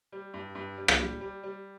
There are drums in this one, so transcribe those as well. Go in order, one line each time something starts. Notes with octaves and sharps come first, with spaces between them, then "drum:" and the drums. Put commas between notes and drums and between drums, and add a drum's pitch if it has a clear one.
G3
G2
G2
G3
drum: rim click
G3
G3
G3